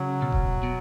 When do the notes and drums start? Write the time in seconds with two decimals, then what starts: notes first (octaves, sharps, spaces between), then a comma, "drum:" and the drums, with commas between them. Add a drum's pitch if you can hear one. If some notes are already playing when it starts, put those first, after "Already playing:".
Already playing: C#3 F#3
0.22 B2
0.32 drum: kick E1
0.63 B2